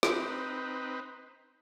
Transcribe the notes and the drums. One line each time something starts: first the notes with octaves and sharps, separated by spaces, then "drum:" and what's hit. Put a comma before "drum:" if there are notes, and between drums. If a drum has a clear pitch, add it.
C4 D#4 B4, drum: snare